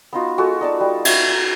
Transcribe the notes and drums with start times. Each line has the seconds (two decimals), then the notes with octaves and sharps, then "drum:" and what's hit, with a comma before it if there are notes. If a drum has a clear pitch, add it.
0.13 B3 D#4 F4 F#4
0.38 G#3 F4 F#4 A4
0.61 D#4 D5 A5
0.80 G3
1.05 F#4 E5 D#6, drum: cymbal
1.28 A#5